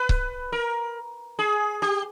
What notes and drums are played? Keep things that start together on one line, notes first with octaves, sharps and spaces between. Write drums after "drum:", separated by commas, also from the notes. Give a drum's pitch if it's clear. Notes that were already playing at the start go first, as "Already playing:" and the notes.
Already playing: B4
drum: kick C#1
A#4
G#4
G4